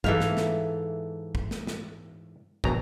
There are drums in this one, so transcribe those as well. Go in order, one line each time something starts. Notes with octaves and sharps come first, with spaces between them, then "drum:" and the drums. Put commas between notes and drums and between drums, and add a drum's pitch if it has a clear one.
G#2 E3 A4 E5 F5, drum: kick
drum: snare
drum: snare
drum: kick
drum: snare
drum: snare
A#1 B2 A#5, drum: kick